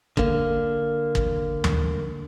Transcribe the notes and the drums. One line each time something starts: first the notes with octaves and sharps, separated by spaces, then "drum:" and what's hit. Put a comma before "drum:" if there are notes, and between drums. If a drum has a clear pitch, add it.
D3 A#3, drum: kick
drum: kick
drum: tom